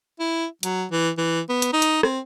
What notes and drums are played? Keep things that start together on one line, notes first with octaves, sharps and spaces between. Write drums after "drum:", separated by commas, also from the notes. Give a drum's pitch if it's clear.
E4
F#3, drum: hi-hat
E3
E3
B3
drum: hi-hat
D#4
drum: hi-hat
C4, drum: rim click